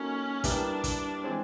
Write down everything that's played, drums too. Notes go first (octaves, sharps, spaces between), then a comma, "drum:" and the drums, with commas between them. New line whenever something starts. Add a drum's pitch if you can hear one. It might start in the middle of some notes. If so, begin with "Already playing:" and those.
Already playing: A#3 C#4 D#4 F#4 A4
G3 B3 D4 E4 G4 A#4, drum: kick, hi-hat
drum: kick, hi-hat
E3 G#3 C4